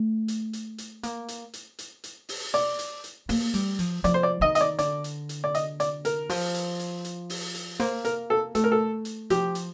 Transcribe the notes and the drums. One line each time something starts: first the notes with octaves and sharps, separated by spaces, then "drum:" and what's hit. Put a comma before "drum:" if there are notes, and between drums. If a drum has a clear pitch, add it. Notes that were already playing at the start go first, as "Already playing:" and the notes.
Already playing: A3
drum: hi-hat
drum: hi-hat
drum: hi-hat
A#3, drum: hi-hat
drum: hi-hat
drum: hi-hat
drum: hi-hat
drum: hi-hat
drum: open hi-hat
D5, drum: hi-hat
drum: hi-hat
drum: hi-hat
A#3, drum: open hi-hat
G3, drum: hi-hat
F3, drum: hi-hat
F3 D5, drum: hi-hat
C5
D5
D#3 D#5
D#5, drum: hi-hat
D5
D3 D5, drum: hi-hat
drum: hi-hat
drum: hi-hat
D5
D#5, drum: hi-hat
D5, drum: hi-hat
A#4, drum: hi-hat
F3, drum: open hi-hat
drum: hi-hat
drum: hi-hat
drum: hi-hat
drum: open hi-hat
drum: hi-hat
A#3 C5, drum: hi-hat
A#4, drum: hi-hat
A4
A3 A4, drum: hi-hat
A#4
A4
drum: hi-hat
F3 G4, drum: hi-hat
drum: hi-hat